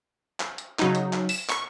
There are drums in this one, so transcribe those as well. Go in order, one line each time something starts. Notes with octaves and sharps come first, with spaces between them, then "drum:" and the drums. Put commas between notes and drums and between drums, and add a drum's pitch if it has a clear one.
drum: clap
drum: hi-hat
C#3 F#3 D#4, drum: clap
drum: hi-hat
drum: clap
E7, drum: open hi-hat
C#6, drum: clap